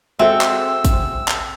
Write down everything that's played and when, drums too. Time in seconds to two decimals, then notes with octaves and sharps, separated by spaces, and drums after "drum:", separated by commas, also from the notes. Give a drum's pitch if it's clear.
0.19 G#3 C4 F#4 A4 E5 E6
0.41 drum: clap
0.85 drum: kick, hi-hat
1.28 drum: clap